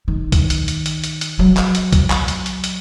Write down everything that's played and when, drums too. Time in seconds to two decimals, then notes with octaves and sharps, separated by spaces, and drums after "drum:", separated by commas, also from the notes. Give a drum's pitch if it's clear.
0.08 D#3
0.32 drum: kick C2, hi-hat
0.50 drum: hi-hat
0.68 drum: hi-hat
0.86 drum: hi-hat
1.04 drum: hi-hat
1.21 drum: hi-hat
1.39 F#3
1.57 drum: clap
1.75 drum: hi-hat
1.93 drum: kick C2, hi-hat
2.10 drum: clap
2.28 drum: hi-hat
2.46 drum: hi-hat
2.64 drum: hi-hat